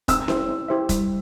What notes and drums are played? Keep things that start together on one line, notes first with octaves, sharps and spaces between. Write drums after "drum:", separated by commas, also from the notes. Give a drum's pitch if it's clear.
C4 E6, drum: kick F1, hi-hat
E4 G4 C5 E5, drum: snare C#4
C4
E4 G4 C5 E5
G3, drum: kick F1, hi-hat